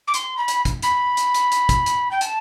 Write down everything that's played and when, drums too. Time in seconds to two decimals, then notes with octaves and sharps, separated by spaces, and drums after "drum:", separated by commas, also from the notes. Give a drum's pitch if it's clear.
0.07 D6
0.14 C6, drum: hi-hat
0.37 B5
0.48 drum: hi-hat
0.65 drum: kick, hi-hat
0.82 B5, drum: hi-hat
1.17 drum: hi-hat
1.34 drum: hi-hat
1.52 drum: hi-hat
1.69 drum: kick, hi-hat
1.86 drum: hi-hat
2.10 G5
2.21 A5, drum: hi-hat